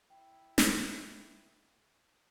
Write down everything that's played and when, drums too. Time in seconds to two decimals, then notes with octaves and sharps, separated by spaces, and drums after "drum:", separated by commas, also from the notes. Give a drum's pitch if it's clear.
0.10 E4 G5
0.58 drum: snare